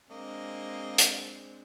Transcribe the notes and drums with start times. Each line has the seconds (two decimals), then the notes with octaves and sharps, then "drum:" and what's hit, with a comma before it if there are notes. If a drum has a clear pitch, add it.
0.11 G#3 A#3 C4 D4 D#5
0.98 drum: hi-hat